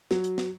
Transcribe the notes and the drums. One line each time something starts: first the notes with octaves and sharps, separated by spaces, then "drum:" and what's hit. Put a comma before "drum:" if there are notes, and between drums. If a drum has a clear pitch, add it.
F#3, drum: snare
drum: hi-hat
drum: snare